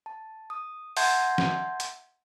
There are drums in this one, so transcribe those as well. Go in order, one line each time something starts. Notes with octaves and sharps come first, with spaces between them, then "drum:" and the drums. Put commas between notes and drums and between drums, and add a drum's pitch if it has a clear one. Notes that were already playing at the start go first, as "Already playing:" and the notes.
A5
D#6
E5 F#5 A5 C6 G6 G#6, drum: open hi-hat
drum: snare
drum: hi-hat